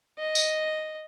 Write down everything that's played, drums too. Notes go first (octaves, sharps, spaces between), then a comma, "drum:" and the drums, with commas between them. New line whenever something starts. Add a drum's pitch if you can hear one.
D#5
drum: tambourine